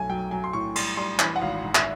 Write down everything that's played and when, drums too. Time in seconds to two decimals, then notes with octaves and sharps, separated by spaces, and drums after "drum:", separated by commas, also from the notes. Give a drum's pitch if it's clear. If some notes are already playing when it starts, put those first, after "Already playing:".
Already playing: B1 A3 G#5
0.09 F#3 G5
0.31 F#3 G#5
0.44 C6
0.53 A2 C#6
0.76 G3 C6, drum: cymbal
0.97 G3 C6
1.19 E3 B5, drum: clap
1.36 F#5
1.42 G#1 F5
1.64 G#2
1.75 E5, drum: clap